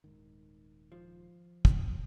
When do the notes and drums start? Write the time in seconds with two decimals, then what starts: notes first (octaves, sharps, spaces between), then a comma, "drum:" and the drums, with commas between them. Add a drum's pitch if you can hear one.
0.04 D#1 G#2 D#3
0.92 F3
1.65 drum: kick